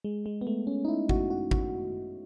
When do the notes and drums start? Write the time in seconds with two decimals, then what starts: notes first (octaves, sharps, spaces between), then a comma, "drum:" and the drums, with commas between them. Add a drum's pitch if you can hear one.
0.04 G#3
0.26 G#3
0.41 B3
0.47 A3
0.67 C#4
0.85 D#4
0.88 E4
1.09 F#4, drum: kick G#1
1.30 F#4
1.51 F#4, drum: kick G#1